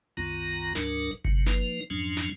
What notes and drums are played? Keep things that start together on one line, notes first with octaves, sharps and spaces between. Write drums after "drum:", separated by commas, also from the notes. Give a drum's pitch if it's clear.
C2 F#2 D#3 B3 F4 A#5
D2 G#2 F#3 D4 A#4, drum: snare
C3 F#3, drum: kick G1
F3 A#3 D#4 B4, drum: snare
F2 G#2 F3 F#3 C#4 D4
drum: snare